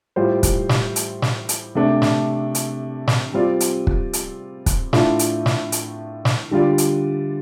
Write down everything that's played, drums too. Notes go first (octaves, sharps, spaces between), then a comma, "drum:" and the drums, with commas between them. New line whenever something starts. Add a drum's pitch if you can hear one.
A2 G3 F4 C5
drum: kick, hi-hat
drum: snare
drum: hi-hat
drum: snare
drum: hi-hat
C3 A3 D4
drum: snare
drum: hi-hat
drum: snare
G3 C4 F4 D5
drum: hi-hat
drum: kick
drum: hi-hat
drum: kick, hi-hat
A2 A3 D4 F4, drum: snare
drum: hi-hat
drum: snare
drum: hi-hat
drum: snare
D3 G3 F4 D5
drum: hi-hat